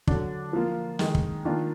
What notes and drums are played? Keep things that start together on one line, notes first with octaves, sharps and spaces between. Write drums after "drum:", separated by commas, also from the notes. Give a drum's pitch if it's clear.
D3 F#3 D4, drum: kick
F3 A#3 F4
D#3 G#3 D#4, drum: snare
drum: kick
D#3 A#3 D4 F4